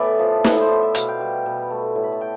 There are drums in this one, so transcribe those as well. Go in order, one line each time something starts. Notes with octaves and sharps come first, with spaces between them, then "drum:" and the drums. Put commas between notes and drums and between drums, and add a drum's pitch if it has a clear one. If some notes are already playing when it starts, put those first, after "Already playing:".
Already playing: A2 E3 B3 D5 E5 A5
F3
A2, drum: snare
C5
B3 D5
E5
B2 F5, drum: hi-hat
G5
G3
B2
A3
A2
B5
A5
G5